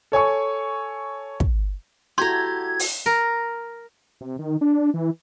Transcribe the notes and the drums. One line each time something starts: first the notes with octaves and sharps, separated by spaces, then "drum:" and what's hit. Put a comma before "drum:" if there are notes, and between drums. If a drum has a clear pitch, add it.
A4 C#5 G#5 C#6
drum: kick
E4 F#4 G4 A4 A#5 C6 G#6
drum: open hi-hat
A#4
C3
D#3
D4
E3